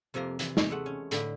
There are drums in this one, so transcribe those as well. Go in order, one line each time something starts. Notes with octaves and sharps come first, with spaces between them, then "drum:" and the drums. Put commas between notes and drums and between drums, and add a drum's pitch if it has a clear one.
F2 C3 F3 A#3 A#5 C6
C3 E3, drum: hi-hat
drum: snare
G#3 A3 F#5
C#4
A2 D3 D#5 G5 B5, drum: hi-hat